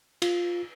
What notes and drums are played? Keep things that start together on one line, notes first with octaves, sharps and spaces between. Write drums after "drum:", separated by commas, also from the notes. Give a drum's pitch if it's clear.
F4, drum: cymbal